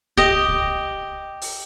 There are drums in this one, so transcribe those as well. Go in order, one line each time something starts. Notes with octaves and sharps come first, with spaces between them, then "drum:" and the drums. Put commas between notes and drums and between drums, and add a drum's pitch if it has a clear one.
G4 D#5, drum: kick C2
drum: kick C2
drum: open hi-hat